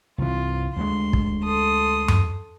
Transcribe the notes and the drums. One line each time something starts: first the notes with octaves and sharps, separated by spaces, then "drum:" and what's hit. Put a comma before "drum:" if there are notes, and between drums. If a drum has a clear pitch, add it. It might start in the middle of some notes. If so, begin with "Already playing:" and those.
C2 E3 F4
D2 G#3 C6
drum: kick
A4 C6 D#6
drum: tom F#2